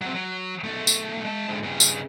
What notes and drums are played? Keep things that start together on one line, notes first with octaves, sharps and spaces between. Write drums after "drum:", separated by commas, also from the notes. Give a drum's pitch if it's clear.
F#3 C4
F#3
B1 A3
drum: tambourine
G#3 A5
G#2 D3
G2 C#3
drum: tambourine